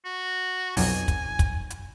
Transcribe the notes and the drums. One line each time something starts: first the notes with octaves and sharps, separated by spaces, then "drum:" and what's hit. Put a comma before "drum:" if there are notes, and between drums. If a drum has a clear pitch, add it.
F#4
B1 F2 F#3 G#5, drum: open hi-hat
drum: kick, hi-hat
drum: kick, hi-hat
drum: hi-hat